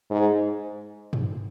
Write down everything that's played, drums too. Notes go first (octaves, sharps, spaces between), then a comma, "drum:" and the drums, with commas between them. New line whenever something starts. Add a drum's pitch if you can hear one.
G#2
drum: tom G2